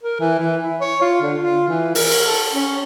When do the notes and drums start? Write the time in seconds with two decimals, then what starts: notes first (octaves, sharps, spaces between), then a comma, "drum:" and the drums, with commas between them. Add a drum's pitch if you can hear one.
0.03 A#4
0.20 E3
0.39 E3
0.63 E4
0.80 C#5
1.01 F4
1.21 D3
1.38 F4
1.68 E3
1.95 A#4, drum: open hi-hat
2.12 drum: cymbal
2.26 A4
2.53 C#4